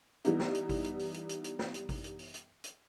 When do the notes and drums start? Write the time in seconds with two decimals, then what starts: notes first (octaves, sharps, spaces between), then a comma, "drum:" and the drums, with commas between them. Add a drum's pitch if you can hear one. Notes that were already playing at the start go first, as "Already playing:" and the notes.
0.25 E3 G3 B3 D#4 E4, drum: hi-hat
0.39 drum: snare
0.54 drum: hi-hat
0.69 drum: kick G#1, open hi-hat
0.84 drum: hi-hat
0.99 drum: open hi-hat
1.14 drum: hi-hat
1.29 drum: hi-hat
1.44 drum: hi-hat
1.59 drum: snare
1.74 drum: hi-hat
1.89 drum: kick G#1, open hi-hat
2.04 drum: hi-hat
2.19 drum: open hi-hat
2.34 drum: hi-hat
2.64 drum: hi-hat